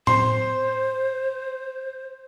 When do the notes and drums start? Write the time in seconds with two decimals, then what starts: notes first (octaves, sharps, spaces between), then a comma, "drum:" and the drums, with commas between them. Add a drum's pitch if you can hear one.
0.07 C5 C6, drum: tom A2